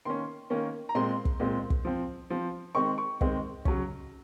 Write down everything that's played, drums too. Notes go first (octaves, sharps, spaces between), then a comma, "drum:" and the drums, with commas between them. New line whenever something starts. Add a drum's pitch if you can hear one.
D#3 A#3 C#4 C6
D#3 A#3 C#4
A#5
A#2 G#3 C4 C6
drum: kick
A#2 G#3 C4
drum: kick
F3 C4
F3 C4
D#3 G#3 C4 C#6
C#6
D#3 G#3 C4, drum: kick
C#3 F#3 C#4, drum: kick